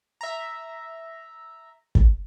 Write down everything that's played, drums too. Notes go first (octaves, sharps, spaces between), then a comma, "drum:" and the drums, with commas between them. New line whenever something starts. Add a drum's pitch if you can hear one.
E5 A#5
drum: kick